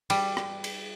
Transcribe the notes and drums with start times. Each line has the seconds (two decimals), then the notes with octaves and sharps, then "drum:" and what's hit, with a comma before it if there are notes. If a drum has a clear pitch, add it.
0.10 G3, drum: cymbal
0.37 drum: rim click
0.64 drum: cymbal